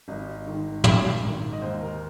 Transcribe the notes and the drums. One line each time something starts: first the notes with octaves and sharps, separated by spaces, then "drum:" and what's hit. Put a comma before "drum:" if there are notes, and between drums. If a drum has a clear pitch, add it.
G#1 D#5
G#2 D#3
G#1, drum: tom
G#2 D#3
D#5
D#2 C5
A#4